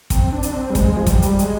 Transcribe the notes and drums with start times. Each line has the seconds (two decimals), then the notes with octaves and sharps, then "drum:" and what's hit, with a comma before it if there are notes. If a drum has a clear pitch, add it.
0.10 C4, drum: kick, hi-hat
0.32 D4
0.43 drum: hi-hat
0.53 C4
0.70 G3
0.75 G#3, drum: kick, hi-hat
0.97 F3
1.07 G3, drum: kick, hi-hat
1.22 drum: hi-hat
1.39 G#3, drum: hi-hat